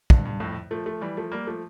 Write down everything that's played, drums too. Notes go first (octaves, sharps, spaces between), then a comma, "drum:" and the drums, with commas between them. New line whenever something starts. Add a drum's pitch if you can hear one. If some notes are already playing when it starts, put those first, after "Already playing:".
G2, drum: kick
G2
F2 A2
F3 A3
F3 A3
E3 G3
F3 A3
G3 A#3
F3 A3